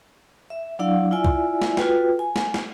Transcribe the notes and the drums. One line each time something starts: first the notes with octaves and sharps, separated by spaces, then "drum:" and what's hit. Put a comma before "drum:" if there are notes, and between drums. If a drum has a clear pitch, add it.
E5
F#3 D4 E4 D5 F5 F#5
E4 F4 D5 E5 G#5
drum: kick C2
drum: snare
F4 F#4 A4 B4 G5, drum: snare
G#5
drum: snare
drum: snare